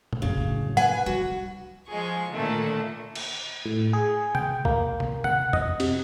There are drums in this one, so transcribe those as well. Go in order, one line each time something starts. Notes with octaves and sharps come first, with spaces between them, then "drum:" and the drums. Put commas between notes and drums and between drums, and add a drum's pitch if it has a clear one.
drum: tom A#2
F#1 F#2 C#3
A2 F#3
B4 F#5 G#5
D3 G3 F#4
F3 G#3 F4 G#4 C#6
A#2 D3 D#3 A3 A#3 A4 F#5
drum: cymbal
A2
G#4
G5, drum: tom
A#3, drum: kick
drum: tom
F#5, drum: tom
D#5, drum: tom
C3, drum: cymbal